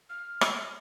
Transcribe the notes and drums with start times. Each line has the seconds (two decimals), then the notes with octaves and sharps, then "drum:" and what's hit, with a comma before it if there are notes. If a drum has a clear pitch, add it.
0.10 F6
0.41 drum: rim click